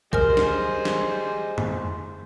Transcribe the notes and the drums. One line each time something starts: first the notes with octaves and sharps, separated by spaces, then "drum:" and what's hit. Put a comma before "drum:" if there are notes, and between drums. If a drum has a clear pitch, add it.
G3 G#4 A#4 C5 D#5 G#5 F6, drum: kick
drum: snare
drum: snare
drum: tom F2